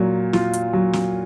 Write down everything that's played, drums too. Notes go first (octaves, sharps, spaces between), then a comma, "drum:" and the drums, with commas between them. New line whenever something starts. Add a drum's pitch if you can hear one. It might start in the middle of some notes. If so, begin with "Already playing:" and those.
Already playing: A#2 F#3
F4, drum: snare
drum: hi-hat
F#3
drum: snare